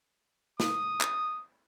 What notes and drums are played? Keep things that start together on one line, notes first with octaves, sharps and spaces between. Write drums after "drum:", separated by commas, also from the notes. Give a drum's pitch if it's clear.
D#6, drum: snare
drum: clap